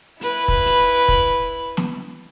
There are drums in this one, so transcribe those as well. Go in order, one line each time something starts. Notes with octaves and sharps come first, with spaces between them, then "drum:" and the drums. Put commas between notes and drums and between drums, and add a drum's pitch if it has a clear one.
E4 B4, drum: hi-hat
drum: kick
drum: hi-hat
drum: kick
drum: snare